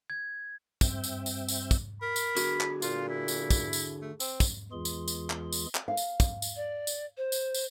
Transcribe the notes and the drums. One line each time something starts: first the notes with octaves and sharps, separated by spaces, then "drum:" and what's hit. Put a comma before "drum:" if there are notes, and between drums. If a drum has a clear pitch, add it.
G#6
G2 C4 E5 G5, drum: kick, tambourine
drum: tambourine
drum: tambourine
drum: tambourine
drum: kick, tambourine
A#4 B5
drum: tambourine
D3 F#4 G#4, drum: tambourine
drum: clap
A#2 F4, drum: tambourine
E4
drum: tambourine
drum: kick, tambourine
drum: tambourine
A3
C4, drum: tambourine
drum: kick, tambourine
E2 E3 G#3 F4 G#4 C6
drum: tambourine
drum: tambourine
drum: clap
drum: tambourine
drum: clap
F5
drum: tambourine
drum: kick, tambourine
drum: tambourine
D5
drum: tambourine
C5
drum: tambourine
drum: tambourine